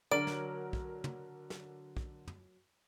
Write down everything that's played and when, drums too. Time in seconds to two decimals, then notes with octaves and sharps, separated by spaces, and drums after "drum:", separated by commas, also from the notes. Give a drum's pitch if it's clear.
0.12 D3 F#3 A#4 D5 D7 F#7
0.27 drum: snare
0.73 drum: kick
1.04 drum: tom
1.50 drum: snare
1.97 drum: kick
2.27 drum: tom